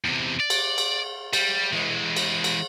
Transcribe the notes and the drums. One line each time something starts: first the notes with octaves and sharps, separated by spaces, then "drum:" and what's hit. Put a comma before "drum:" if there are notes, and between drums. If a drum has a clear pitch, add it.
E2 C3
D5
drum: cymbal
drum: cymbal
G3, drum: cymbal
E3 G#3
drum: cymbal
drum: cymbal